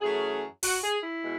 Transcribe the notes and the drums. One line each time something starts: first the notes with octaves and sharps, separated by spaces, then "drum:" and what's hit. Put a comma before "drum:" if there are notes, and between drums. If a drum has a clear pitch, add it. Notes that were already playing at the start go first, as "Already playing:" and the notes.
F#2 E3 A3 C#4 G#4
F#4, drum: open hi-hat
G#4
E4
B2 G#3